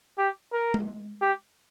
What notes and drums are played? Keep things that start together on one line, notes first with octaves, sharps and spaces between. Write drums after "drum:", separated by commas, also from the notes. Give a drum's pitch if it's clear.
G4
A#4
drum: tom G#3
G4